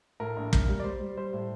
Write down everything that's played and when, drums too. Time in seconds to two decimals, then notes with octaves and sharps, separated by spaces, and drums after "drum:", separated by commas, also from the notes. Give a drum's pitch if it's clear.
0.20 A2 A#4
0.36 A#1
0.53 A#3, drum: kick
0.68 G3
0.80 D5
0.84 G3 C5
1.00 G3
1.17 G3 C5
1.33 A2